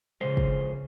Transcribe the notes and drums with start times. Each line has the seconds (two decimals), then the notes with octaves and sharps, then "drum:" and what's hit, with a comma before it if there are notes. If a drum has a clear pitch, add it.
0.21 F2 C#3 G#3 C5
0.37 drum: kick